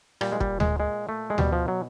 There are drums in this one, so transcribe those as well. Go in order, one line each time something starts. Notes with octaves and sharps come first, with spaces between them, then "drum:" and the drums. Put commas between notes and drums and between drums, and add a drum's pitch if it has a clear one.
A#2 G3, drum: rim click
G#3
G3, drum: kick
G#3, drum: tom D2
G#3
A3
G#3
B2 G3, drum: tom D2
F3
F#3